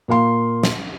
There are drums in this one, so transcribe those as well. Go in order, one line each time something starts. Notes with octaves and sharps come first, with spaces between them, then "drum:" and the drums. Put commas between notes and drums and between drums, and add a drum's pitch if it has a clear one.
A#2 A#3 F5 C6
drum: snare